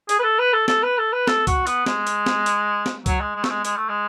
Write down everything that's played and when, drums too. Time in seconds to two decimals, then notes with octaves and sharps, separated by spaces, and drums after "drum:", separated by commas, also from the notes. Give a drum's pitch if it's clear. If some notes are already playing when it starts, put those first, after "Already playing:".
0.09 G#4, drum: hi-hat
0.19 B4
0.23 A4
0.39 B4
0.53 A4
0.68 A4, drum: snare
0.83 B4
0.98 A4
1.13 B4
1.27 A4, drum: snare
1.47 F#4, drum: kick C#2, hi-hat
1.67 B3, drum: hi-hat
1.86 G#3, drum: snare
2.07 drum: hi-hat
2.26 drum: snare
2.46 drum: hi-hat
2.86 drum: snare
3.06 F#3, drum: kick C#2, hi-hat
3.21 G#3
3.35 G#3
3.44 A3, drum: snare
3.50 G#3
3.65 G#3, drum: hi-hat
3.77 A3
3.89 G#3